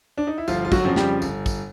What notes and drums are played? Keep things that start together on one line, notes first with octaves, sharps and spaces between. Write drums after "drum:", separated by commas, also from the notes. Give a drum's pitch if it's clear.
D4
D#4
E4
G1 F3 F4, drum: tambourine
F4
F#3 F#4, drum: kick, tambourine
F2 C#3 F3
G3 G4, drum: snare
G1, drum: tambourine
drum: kick, tambourine